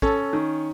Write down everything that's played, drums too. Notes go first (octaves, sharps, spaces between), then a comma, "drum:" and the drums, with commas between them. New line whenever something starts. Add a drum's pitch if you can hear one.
C#4 A4, drum: kick
D#3